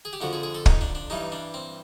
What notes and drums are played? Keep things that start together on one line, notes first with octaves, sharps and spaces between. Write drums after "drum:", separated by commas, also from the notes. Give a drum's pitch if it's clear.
G#4
G4
F2 D3 F3 F#4
G#4
G#4
A4
D#4, drum: kick
D4
D4
G2 E3 G3 D#4
D4
C4